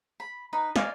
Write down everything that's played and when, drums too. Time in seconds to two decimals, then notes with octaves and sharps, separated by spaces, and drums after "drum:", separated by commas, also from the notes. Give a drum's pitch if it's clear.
0.20 B5
0.53 D#4 B4 B5
0.76 D5 D#5 F5 G#5, drum: snare